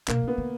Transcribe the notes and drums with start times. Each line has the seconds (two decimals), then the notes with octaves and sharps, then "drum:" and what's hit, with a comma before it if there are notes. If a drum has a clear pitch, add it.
0.08 B2 A#3, drum: clap
0.23 C#3 B3
0.38 D3